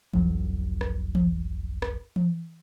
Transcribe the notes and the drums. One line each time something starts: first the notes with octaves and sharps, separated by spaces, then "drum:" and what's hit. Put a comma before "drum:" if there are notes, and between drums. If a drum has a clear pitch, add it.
G1 C2 F2 F#3, drum: tom E3
drum: rim click
drum: tom E3
drum: rim click
drum: tom E3